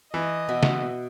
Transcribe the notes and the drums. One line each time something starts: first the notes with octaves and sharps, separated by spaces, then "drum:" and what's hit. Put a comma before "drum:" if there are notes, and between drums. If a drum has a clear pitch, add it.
E3 D#5
B2 F#4 E5
drum: snare C#3